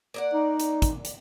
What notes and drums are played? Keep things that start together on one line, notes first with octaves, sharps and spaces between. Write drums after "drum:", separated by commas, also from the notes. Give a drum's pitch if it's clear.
A#3 D5 F#5
D#4
drum: hi-hat
drum: kick, hi-hat
drum: hi-hat